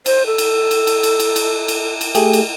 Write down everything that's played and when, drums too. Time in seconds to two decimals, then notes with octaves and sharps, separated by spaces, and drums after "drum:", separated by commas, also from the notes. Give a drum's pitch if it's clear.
0.06 C5, drum: cymbal
0.26 A4
0.38 drum: cymbal
0.71 drum: cymbal
0.87 drum: cymbal
1.03 drum: cymbal
1.20 drum: cymbal
1.36 drum: cymbal
1.68 drum: cymbal
2.01 drum: cymbal
2.15 A3 G4 G#4, drum: cymbal
2.33 drum: cymbal